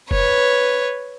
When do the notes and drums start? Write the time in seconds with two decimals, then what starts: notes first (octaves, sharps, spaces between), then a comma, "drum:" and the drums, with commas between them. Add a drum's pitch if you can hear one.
0.11 B4 C#5, drum: kick F1